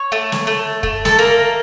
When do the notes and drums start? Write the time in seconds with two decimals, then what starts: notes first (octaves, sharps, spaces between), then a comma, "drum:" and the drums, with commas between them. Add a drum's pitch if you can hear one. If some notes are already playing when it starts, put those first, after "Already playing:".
Already playing: C#5
0.12 A3
0.32 drum: snare
0.47 A3
0.83 A3, drum: kick
1.05 A4, drum: snare
1.19 A#3 A#4